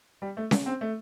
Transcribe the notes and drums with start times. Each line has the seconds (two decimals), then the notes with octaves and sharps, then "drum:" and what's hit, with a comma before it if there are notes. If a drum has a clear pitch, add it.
0.22 G3
0.37 A3
0.51 drum: snare C#4
0.66 C4
0.81 A3